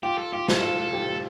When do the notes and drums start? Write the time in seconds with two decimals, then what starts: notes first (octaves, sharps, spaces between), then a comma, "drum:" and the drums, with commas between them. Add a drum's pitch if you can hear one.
0.03 F4 G4
0.18 A4
0.33 F4 G4
0.48 A4, drum: snare
0.63 F4 A4
0.93 G4